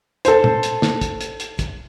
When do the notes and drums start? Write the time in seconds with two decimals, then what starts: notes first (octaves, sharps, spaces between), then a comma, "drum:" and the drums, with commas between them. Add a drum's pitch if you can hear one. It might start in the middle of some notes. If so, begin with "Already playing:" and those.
0.25 A4 C5, drum: hi-hat
0.44 drum: tom
0.63 drum: hi-hat
0.82 drum: snare
1.01 drum: kick, hi-hat
1.21 drum: hi-hat
1.40 drum: hi-hat
1.59 drum: kick, hi-hat